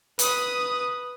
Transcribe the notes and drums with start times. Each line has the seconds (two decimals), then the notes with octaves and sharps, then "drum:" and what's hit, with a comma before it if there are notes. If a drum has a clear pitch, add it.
0.19 B4 D#6, drum: hi-hat